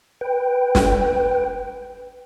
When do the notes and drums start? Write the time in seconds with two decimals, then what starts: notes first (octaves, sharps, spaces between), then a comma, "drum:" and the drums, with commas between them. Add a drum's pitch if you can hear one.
0.21 B4 G5
0.75 drum: snare